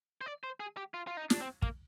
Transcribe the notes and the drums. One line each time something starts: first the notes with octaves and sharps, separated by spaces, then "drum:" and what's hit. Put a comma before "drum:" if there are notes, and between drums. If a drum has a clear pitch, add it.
C5
D5
C5
G#4
G4
F4
F4
D#4
D4, drum: snare
C4
A#3, drum: kick